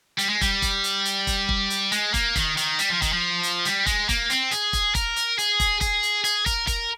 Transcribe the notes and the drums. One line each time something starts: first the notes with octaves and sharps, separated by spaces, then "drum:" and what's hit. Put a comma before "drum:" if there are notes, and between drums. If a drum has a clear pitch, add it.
G3, drum: hi-hat
G#3
G3, drum: kick, hi-hat
drum: kick, hi-hat
drum: hi-hat
drum: hi-hat
drum: kick, hi-hat
drum: kick
drum: hi-hat
G#3, drum: hi-hat
A#3, drum: kick, hi-hat
D#3, drum: kick, hi-hat
D#3, drum: hi-hat
G3, drum: hi-hat
F3
D#3, drum: kick, hi-hat
F3
drum: hi-hat
G3, drum: hi-hat
G#3, drum: kick, hi-hat
A#3, drum: kick, hi-hat
C4, drum: hi-hat
G#4, drum: hi-hat
drum: kick, hi-hat
A#4, drum: kick, hi-hat
drum: hi-hat
G#4, drum: hi-hat
drum: kick, hi-hat
G#4, drum: kick, hi-hat
drum: hi-hat
G#4, drum: hi-hat
A#4, drum: kick, hi-hat
A#4, drum: kick, hi-hat